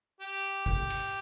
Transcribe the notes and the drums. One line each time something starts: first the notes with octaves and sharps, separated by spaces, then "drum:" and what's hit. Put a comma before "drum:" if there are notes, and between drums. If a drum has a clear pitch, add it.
G4
G4, drum: kick
drum: cymbal